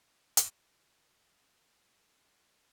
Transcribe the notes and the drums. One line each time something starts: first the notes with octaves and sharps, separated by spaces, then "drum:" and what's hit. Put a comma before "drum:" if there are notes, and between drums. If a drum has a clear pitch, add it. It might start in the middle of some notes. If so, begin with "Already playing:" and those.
Already playing: B3 B4
drum: hi-hat
A4
G4
F4
E4
C4 F4
G4
F4
E4 F4
F4
A4
G4
F4